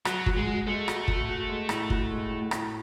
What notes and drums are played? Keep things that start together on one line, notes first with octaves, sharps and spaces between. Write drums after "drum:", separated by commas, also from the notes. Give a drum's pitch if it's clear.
F#3 F#4, drum: rim click
F#4, drum: kick
G#3
F#4
G#3 A3
F#4, drum: rim click
F#4, drum: kick
F#4
G#3
A2, drum: rim click
F#4, drum: kick
G#3
A2
A2, drum: rim click